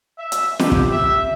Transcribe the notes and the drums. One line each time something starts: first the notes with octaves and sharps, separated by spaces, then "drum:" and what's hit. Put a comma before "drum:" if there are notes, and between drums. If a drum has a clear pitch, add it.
E5
drum: hi-hat
G4, drum: snare
drum: kick
E5